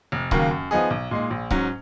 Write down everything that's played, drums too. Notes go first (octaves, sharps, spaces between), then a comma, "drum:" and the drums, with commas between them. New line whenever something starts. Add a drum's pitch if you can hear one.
F1
D#2 C#3 F#3 A#3, drum: kick C#1
F#2
F3 B3 D#4 G#4
B1
A#2 G#3 D#4
A#1
G#2 F#3 C#4, drum: kick C#1